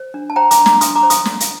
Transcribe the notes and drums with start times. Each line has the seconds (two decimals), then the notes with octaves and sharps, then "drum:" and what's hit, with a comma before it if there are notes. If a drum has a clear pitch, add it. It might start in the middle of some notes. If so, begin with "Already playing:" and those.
Already playing: C5
0.14 D4
0.30 A5
0.36 C5 G5 A#5
0.51 A#5 D6, drum: hi-hat
0.59 D4
0.66 A#5 D6, drum: snare
0.81 D4 C6 D#6, drum: hi-hat
0.95 A#5 D6
1.03 C5
1.10 C6 D#6, drum: hi-hat
1.25 drum: snare
1.40 drum: hi-hat